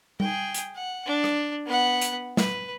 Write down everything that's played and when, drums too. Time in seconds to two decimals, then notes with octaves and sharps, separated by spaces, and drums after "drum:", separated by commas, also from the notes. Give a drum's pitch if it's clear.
0.20 G#4 G5, drum: tom G3
0.54 drum: hi-hat
0.75 F#5
1.06 D4
1.24 drum: rim click
1.66 B3 F#5
2.01 drum: hi-hat
2.37 B4, drum: snare